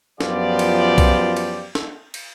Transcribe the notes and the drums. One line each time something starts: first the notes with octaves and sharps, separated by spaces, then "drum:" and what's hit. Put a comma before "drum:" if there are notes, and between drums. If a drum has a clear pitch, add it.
F#2 F3 B3 F4 G4 D5, drum: snare
drum: cymbal
drum: kick B1, cymbal
drum: cymbal
drum: snare
drum: cymbal